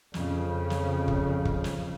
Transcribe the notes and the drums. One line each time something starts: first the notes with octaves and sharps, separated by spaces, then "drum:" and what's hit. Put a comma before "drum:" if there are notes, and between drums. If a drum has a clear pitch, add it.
F2 C#3, drum: snare
drum: snare
drum: kick
drum: kick
drum: snare